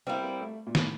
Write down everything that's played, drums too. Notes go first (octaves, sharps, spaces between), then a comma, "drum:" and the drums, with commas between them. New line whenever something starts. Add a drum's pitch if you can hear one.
G3 A#3 C4 E4
C4
A3
A#2
A2, drum: snare